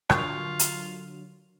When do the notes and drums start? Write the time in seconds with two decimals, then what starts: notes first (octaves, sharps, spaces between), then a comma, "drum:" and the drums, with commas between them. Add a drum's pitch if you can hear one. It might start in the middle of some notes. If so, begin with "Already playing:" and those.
0.10 D3 F#3 F4 A#4 C#6 D#6, drum: rim click
0.59 drum: hi-hat